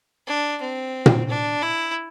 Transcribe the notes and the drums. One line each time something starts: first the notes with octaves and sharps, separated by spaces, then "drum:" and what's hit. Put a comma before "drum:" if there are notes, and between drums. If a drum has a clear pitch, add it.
D4
C4
drum: tom A#2
D4
E4